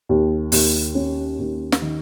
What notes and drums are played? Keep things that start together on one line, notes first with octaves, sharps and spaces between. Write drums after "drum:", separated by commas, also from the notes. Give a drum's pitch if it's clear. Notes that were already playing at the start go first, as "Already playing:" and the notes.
D#2
D#2, drum: open hi-hat
C#4
D#2
drum: snare
D#3